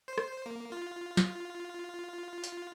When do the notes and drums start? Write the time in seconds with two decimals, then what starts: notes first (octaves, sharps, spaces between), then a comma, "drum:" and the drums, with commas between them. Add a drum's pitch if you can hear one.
0.08 C5
0.18 drum: rim click
0.46 A#3
0.72 F4
1.17 drum: snare
2.44 drum: hi-hat